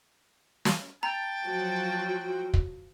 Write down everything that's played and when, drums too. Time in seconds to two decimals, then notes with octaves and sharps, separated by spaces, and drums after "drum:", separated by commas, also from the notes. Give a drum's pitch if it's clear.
0.65 drum: snare
1.03 G5 A5 A#5
1.45 F3 F#3 F#4
2.54 drum: kick